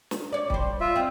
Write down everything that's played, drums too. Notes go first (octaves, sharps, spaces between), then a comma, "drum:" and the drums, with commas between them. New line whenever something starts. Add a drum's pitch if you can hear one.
drum: snare
C#5 D5
G3 C5, drum: kick C#1
F4 E5
C4 D#4